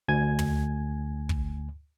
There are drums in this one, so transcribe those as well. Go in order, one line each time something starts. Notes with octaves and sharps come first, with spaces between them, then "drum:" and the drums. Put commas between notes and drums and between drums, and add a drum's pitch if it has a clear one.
D2 G#5 G#6
drum: tom
drum: kick